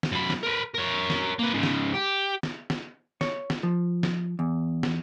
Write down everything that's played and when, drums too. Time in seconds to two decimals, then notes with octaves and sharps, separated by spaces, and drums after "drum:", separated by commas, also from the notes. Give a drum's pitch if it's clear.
0.03 drum: snare
0.12 F#2 B5
0.30 drum: snare
0.43 A#4 B4
0.74 A#4 C#5
1.10 drum: snare
1.39 A#3 B4
1.54 G#2 C#3
1.63 drum: snare
1.94 G4
2.43 drum: snare
2.70 drum: snare
3.21 C#5, drum: snare
3.50 drum: snare
3.63 F3
4.03 drum: snare
4.39 E2
4.83 drum: snare